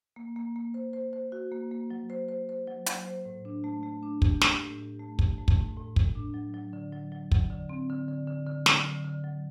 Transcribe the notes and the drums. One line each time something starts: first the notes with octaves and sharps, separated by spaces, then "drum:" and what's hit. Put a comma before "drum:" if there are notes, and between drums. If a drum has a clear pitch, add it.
A#3
A#3
A#3
C5
C5
C5
F#4
A#3
A#3
F#3
C5
C5
C5
F#3
F#3, drum: hi-hat
C5
A2
D4
A3
A3
D4
G4, drum: kick
G4, drum: snare
A2
G4
A3
G4, drum: kick
A3
drum: kick
A2
A2
A2, drum: kick
D4
F#3
F#3
D3
F#3
F#3
F#3, drum: kick
D3
C4
D3
D3
D3
D3
F#3, drum: snare
D3
D3
F#3